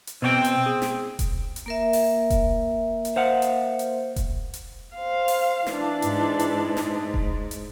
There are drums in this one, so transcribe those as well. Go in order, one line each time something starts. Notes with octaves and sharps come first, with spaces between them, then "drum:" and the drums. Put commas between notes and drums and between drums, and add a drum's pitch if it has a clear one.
drum: hi-hat
B2 C4 C#5 G5
drum: hi-hat
G#4
drum: snare
drum: kick E1, hi-hat
drum: hi-hat
A#3 A#4 E5
drum: open hi-hat
drum: kick E1, hi-hat
drum: hi-hat
C5 F5 F#5
drum: hi-hat
drum: hi-hat
drum: kick E1, hi-hat
drum: hi-hat
C5 F5
drum: open hi-hat
E3 D4, drum: snare
G#2, drum: hi-hat
drum: hi-hat
drum: snare
drum: kick E1
drum: hi-hat